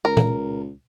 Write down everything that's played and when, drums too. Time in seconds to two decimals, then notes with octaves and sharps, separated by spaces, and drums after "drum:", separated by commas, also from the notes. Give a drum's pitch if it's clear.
0.05 C#2 A#4
0.17 drum: tom A#2